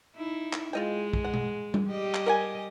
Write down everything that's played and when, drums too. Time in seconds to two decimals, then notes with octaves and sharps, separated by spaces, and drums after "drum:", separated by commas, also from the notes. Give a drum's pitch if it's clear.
0.17 D#4 E4
0.53 drum: clap
0.73 G#3 F4 D#5 G5
1.13 drum: kick
1.24 F#5
1.34 drum: tom B2
1.74 drum: tom G3
1.89 G3 G4 D#5
2.14 drum: clap
2.26 A#4 F#5 G#5